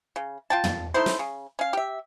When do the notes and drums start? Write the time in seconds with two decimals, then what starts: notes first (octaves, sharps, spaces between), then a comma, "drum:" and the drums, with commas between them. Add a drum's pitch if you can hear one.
0.16 C#3
0.50 F4 G5 A5
0.64 drum: tom
0.94 A3 D#4 E4 C5
1.06 drum: snare
1.19 C#3
1.59 C#4 F5
1.73 G4 E5